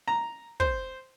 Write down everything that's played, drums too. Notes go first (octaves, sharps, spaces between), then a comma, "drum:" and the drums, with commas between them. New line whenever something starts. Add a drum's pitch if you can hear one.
A#5
C5, drum: kick